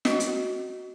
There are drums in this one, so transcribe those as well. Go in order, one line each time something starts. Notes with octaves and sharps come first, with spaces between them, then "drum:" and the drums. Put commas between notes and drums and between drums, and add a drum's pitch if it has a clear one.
F#4 D#5, drum: snare
drum: hi-hat